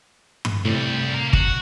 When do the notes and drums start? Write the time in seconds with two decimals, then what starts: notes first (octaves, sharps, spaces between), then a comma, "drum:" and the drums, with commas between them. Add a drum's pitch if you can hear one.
0.45 drum: tom G2
0.65 C2 A2 C3 G3
1.14 A#3 A#4
1.33 F#4, drum: kick G1